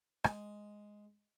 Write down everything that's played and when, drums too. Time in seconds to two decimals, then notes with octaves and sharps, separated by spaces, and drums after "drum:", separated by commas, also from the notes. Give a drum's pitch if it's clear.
0.24 G#3, drum: rim click